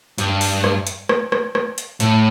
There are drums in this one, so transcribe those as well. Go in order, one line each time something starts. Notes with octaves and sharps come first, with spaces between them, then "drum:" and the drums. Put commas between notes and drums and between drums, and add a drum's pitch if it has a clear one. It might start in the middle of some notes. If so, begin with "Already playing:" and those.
G2, drum: hi-hat
drum: open hi-hat
drum: rim click
drum: hi-hat
drum: rim click
drum: rim click
drum: rim click
drum: hi-hat
A2, drum: hi-hat